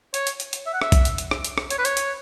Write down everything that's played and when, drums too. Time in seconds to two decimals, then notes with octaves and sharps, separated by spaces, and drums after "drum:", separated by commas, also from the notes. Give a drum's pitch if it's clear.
0.14 C#5, drum: hi-hat
0.27 drum: hi-hat
0.40 drum: hi-hat
0.53 drum: hi-hat
0.66 E5
0.74 F#5
0.82 E5, drum: rim click
0.92 drum: kick, hi-hat
1.05 drum: hi-hat
1.18 drum: hi-hat
1.31 drum: rim click
1.44 drum: hi-hat
1.58 drum: rim click
1.70 C#5, drum: hi-hat
1.78 B4
1.85 C#5, drum: hi-hat
1.97 drum: hi-hat